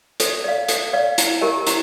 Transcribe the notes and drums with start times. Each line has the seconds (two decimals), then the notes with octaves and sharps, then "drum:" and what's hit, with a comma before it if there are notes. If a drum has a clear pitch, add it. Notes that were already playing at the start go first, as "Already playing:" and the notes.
0.20 A4, drum: hi-hat
0.44 D5 F5
0.68 A4, drum: hi-hat
0.93 D5 F5
1.18 E4, drum: hi-hat
1.41 G4 A#4 D#5 G#5
1.67 E4, drum: hi-hat